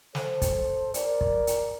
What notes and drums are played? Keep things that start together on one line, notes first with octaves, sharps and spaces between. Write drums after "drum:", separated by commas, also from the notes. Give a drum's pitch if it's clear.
A4 C5, drum: snare
drum: kick, hi-hat
A#4 D5, drum: hi-hat
drum: kick
drum: hi-hat